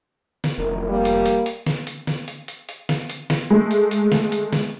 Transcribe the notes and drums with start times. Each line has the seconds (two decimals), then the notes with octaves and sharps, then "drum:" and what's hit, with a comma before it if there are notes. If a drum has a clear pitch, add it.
0.44 drum: snare
0.58 F1 F#2 E4 A#4
0.89 G3 A#3
1.05 drum: hi-hat
1.26 drum: hi-hat
1.46 drum: hi-hat
1.66 drum: snare
1.87 drum: hi-hat
2.07 drum: snare
2.28 drum: hi-hat
2.48 drum: hi-hat
2.69 drum: hi-hat
2.89 drum: snare
3.10 drum: hi-hat
3.30 drum: snare
3.50 G#3 A3
3.71 drum: hi-hat
3.91 drum: hi-hat
4.12 drum: snare
4.32 drum: hi-hat
4.53 drum: snare